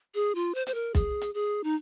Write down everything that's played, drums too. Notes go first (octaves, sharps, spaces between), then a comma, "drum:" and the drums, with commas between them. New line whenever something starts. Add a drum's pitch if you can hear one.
G#4
F4
C5
C5, drum: hi-hat
A#4
G#4, drum: kick, hi-hat
drum: hi-hat
G#4
D#4